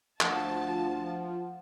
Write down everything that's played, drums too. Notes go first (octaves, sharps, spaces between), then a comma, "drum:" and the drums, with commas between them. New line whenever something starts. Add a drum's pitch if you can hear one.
D2 F3 F#5 A5, drum: clap